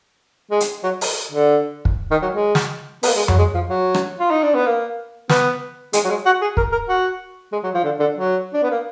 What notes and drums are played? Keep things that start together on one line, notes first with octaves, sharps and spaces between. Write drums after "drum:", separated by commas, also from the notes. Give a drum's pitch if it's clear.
G#3
drum: hi-hat
F#3
drum: open hi-hat
D3
drum: kick
D#3
F#3
G#3
drum: snare
B3, drum: open hi-hat
A#3
G#3
F#3, drum: tom F2
G#3
F3
F#3
drum: rim click
F4
D#4
D4
B3
A#3
B3, drum: snare
G#3, drum: hi-hat
F#3
G#3
F#4
G#4
A#4, drum: kick
A#4
F#4
G#3
F#3
F3
D3
D3
F#3
D4
B3
A#3